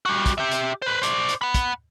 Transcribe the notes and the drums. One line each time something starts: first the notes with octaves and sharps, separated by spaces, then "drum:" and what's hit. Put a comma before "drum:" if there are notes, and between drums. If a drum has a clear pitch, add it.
G3 F#4
drum: kick, hi-hat
G4 E5
drum: hi-hat
B4 C5
C5 D5, drum: hi-hat
drum: hi-hat
F#5 B5
drum: kick, hi-hat